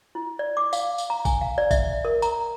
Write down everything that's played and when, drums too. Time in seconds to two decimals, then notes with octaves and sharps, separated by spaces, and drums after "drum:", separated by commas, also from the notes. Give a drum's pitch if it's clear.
0.15 E4
0.39 D5
0.57 D6
0.73 F5, drum: tambourine
0.98 drum: tambourine
1.10 A#5
1.25 G#5, drum: kick, tambourine
1.41 F5
1.58 D5
1.71 E5, drum: kick, tambourine
2.05 A#4
2.22 A#5, drum: tambourine